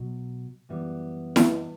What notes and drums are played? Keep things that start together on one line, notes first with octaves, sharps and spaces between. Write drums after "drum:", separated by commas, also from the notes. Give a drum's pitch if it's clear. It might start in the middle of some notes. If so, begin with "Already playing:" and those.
Already playing: B1 B2 F#3
F#2 E3 G3 B3
drum: snare E4